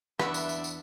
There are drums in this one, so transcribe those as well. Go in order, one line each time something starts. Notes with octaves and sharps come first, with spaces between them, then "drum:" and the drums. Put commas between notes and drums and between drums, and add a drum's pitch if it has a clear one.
E2 D4 B4 E5 F#5, drum: rim click
drum: tambourine
drum: tambourine
drum: tambourine